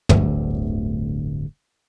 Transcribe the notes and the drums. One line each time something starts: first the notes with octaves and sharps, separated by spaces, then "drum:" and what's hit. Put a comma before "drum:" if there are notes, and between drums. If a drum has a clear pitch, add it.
D1 G1 D2 A3, drum: tom